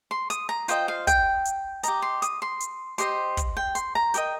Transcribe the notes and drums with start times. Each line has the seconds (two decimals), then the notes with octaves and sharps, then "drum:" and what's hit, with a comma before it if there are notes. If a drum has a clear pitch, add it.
0.11 C6
0.30 D#6, drum: hi-hat
0.49 A#5
0.68 F4 C5 D#5 G5, drum: hi-hat
0.88 F5
1.07 G5, drum: kick, hi-hat
1.45 drum: hi-hat
1.83 G4 D#5 A#5, drum: hi-hat
2.02 C6
2.22 D#6, drum: hi-hat
2.42 C6
2.60 drum: hi-hat
2.98 G4 C5 D#5 C6, drum: hi-hat
3.37 drum: kick, hi-hat
3.57 G5
3.75 C6, drum: hi-hat
3.95 A#5
4.14 G4 A#4 D#5 G5, drum: hi-hat